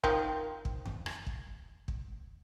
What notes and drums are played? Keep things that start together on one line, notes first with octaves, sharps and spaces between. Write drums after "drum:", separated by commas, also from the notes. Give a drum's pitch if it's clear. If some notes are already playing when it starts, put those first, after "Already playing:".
D#3 F3 C4, drum: kick
drum: kick
drum: tom F2
drum: rim click
drum: kick
drum: kick